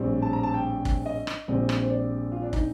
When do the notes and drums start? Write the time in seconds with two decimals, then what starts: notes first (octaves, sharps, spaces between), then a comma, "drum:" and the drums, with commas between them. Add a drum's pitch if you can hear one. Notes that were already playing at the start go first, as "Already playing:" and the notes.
Already playing: A#1 A2 G3 C4
0.22 A5
0.33 A#5
0.43 A5
0.54 G5
0.85 drum: kick
1.06 D#5
1.27 drum: rim click
1.48 A#1 A#2 G3 C4
1.69 drum: rim click
1.82 C5
1.90 D5
2.32 F4
2.42 D4
2.53 D#4, drum: kick